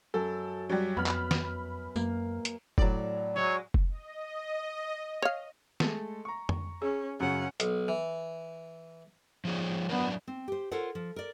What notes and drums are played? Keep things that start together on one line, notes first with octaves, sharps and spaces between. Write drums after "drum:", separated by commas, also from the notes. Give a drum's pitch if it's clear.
F#2 A4
F#3 G3
F2 B3 B5 F6
drum: clap
drum: snare
F#2 A#3, drum: tambourine
drum: hi-hat
A2 F#3 D5, drum: kick F1
F#3 G#3 C#5
drum: kick F1
D#5
C#5 F5
G#3 A3 A4, drum: snare
A#5 C#6
drum: tom F2
C#4 G#4
F#2 C#3 C#4 F#5
B1, drum: hi-hat
E3
F3 G#4 C#5
F#3 B3 D4 A#4
C4
G4 C5
F4 A4 A#4 C5 C#5 F#5
F3
A#4 D5